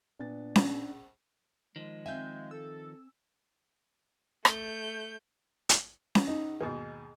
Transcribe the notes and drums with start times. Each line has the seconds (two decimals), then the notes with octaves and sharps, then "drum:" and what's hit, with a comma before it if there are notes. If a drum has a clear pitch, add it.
0.19 A#2 B3 D4 A6
0.56 drum: snare C#4
1.76 D#3 F3 G#3
2.06 C4 E5 F5 G#5 G6
2.51 A4 E6
4.45 A3 G6, drum: rim click
5.69 drum: hi-hat
6.15 drum: snare C#4
6.27 D#4
6.61 D#2 G#2 B2 G#4